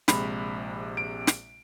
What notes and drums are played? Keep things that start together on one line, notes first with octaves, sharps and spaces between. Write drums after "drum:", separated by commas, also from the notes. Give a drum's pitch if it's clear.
A#1 C3 G#3 B5, drum: snare
D7
drum: snare